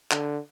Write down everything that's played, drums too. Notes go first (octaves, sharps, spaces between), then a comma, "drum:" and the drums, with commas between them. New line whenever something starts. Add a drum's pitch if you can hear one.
D3, drum: clap